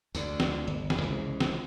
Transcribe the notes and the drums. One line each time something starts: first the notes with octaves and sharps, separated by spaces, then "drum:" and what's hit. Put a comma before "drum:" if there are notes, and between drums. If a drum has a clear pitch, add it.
D2 D3, drum: tambourine
drum: snare
G1
drum: snare
C2 C#3 E3 G#3
drum: snare